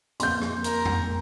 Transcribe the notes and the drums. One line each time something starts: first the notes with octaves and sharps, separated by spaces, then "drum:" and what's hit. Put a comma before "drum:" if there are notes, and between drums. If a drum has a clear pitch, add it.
F2 A#3 C4 C6 G6, drum: hi-hat
drum: rim click
A#4, drum: hi-hat
drum: tom F2